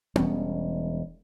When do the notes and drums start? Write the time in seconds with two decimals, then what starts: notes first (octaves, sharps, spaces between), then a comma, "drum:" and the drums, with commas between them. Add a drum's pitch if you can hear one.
0.16 E1 G3 C#4, drum: tom B3